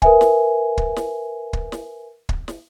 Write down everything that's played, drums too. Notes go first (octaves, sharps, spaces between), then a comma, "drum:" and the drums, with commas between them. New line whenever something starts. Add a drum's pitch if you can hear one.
A#4 B4 E5 G#5, drum: kick
drum: snare
drum: kick
drum: snare
drum: kick
drum: snare
drum: kick
drum: snare